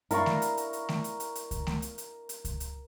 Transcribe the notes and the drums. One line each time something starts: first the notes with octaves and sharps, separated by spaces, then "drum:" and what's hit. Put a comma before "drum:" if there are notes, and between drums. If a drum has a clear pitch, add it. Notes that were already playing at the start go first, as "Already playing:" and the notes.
E4 A#4 D5 F5 A#5 C#6, drum: hi-hat
drum: snare A3
drum: hi-hat
drum: hi-hat
drum: hi-hat
drum: snare A3
drum: hi-hat
drum: hi-hat
drum: hi-hat
drum: kick C#2, hi-hat
drum: snare A3
drum: hi-hat
drum: hi-hat
drum: hi-hat
drum: kick C#2, hi-hat
drum: hi-hat